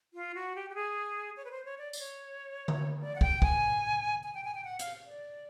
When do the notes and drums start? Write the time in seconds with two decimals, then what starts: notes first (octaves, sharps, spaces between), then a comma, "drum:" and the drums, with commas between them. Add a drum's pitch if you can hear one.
0.14 F4
0.35 F#4
0.55 G4
0.70 G4
0.75 G#4
1.37 C#5
1.45 B4
1.51 C5
1.65 C#5
1.78 D5
1.93 D5, drum: tambourine
1.99 C#5
2.68 drum: tom D3
3.01 D5
3.15 F#5
3.21 G5, drum: kick
3.42 G#5, drum: kick
4.23 G#5
4.34 G5
4.45 G#5
4.55 G5
4.64 F#5
4.79 F5, drum: hi-hat
5.05 D5